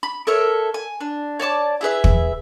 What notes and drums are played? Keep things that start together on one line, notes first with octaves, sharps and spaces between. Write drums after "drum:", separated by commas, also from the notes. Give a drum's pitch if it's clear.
B5
A4 A#4 C#5 E5
G#5
D4
C#5 D5 A5 D6
E4 G#4 B4 E5
drum: kick